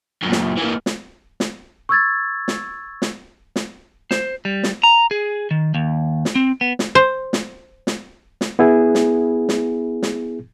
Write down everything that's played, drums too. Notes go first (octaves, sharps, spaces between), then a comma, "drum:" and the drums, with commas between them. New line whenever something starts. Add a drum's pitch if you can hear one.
F#2 A#2
drum: snare
E3 A#3
drum: snare
drum: snare
C#6 E6 G#6 A6
drum: snare
drum: snare
drum: snare
C5, drum: snare
G3
drum: snare
A#5
G#4
D#3
D#2
drum: snare
C4
B3
drum: snare
C5
drum: snare
drum: snare
drum: snare
B3 E4 G#4
drum: snare
drum: snare
drum: snare